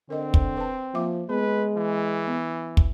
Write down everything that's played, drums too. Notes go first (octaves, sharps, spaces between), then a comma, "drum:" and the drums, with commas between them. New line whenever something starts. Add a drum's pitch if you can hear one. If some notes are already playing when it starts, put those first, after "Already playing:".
D3 C4 A#4 D#5
drum: kick
B4 A5
F3 A#3 E5 D6
G#3 B3 B4
E3
B3
drum: kick